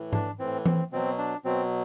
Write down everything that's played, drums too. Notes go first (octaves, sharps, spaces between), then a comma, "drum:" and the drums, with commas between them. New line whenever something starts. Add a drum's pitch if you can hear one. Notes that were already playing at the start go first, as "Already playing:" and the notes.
Already playing: A2 E3
D4, drum: tom G#2
A2 E3 C4
C4, drum: tom E3
B2 F#3 C4
D4
B2 F#3 C4